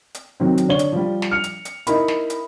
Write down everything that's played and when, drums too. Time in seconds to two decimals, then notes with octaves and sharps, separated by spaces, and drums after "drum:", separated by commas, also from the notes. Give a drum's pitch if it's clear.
0.15 drum: hi-hat
0.40 D#3 F#3 C4
0.58 drum: hi-hat
0.68 D3 D4 C#5 G7
0.79 drum: hi-hat
0.92 F3 G3
1.22 drum: snare
1.31 F6 C#7 F7
1.44 drum: hi-hat
1.65 drum: hi-hat
1.87 D#4 E4 A#4 B5, drum: hi-hat
2.08 drum: snare
2.30 drum: hi-hat